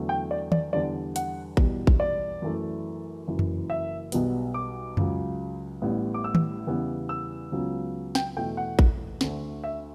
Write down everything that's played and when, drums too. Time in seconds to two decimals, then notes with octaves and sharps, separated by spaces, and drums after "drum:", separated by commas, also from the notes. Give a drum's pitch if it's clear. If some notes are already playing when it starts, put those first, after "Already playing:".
Already playing: E2 D3 F#3 A3
0.09 G5
0.31 D5
0.52 D5, drum: tom
0.73 E2 D3 G3 D5
1.16 F#5, drum: hi-hat
1.57 E2 B2 G3, drum: kick A1
1.87 drum: kick A1
2.00 D5
2.42 F#2 E3 A3
3.28 F#1 F#2 E3
3.39 drum: tom F2
3.70 E5
4.12 B1 B2 G3 B3, drum: hi-hat
4.54 D6
4.97 C#2 C#3 F#3, drum: tom F2
5.82 A1 A2 G3 B3
6.14 D6
6.24 E6
6.35 drum: tom
6.67 E2 C#3 E3 G3 B3
7.09 E6
7.52 C#2 C#3 F#3 B3
8.15 G5, drum: snare
8.37 E2 B2 A3 G5
8.57 F#5
8.79 drum: kick A1
9.21 D2 D3 A3, drum: snare
9.64 E5